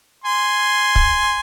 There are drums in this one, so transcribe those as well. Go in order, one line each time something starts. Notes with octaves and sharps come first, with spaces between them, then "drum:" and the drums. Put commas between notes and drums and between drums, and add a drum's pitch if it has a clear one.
G#5 C6
drum: kick